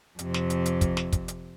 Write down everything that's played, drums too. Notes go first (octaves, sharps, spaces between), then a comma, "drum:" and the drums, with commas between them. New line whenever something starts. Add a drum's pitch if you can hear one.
F2 C3, drum: hi-hat
drum: snare
drum: hi-hat
drum: hi-hat
drum: kick, hi-hat
drum: snare
drum: kick, hi-hat
drum: hi-hat